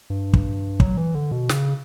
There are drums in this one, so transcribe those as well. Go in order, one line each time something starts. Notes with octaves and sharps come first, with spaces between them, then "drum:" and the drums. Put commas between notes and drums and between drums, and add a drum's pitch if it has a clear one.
G2
drum: kick
F#3, drum: kick
E3
D3
B2
C#3, drum: snare